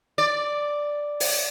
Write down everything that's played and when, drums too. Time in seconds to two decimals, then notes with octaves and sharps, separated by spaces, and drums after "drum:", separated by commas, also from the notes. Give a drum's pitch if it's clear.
0.18 D5
1.20 drum: open hi-hat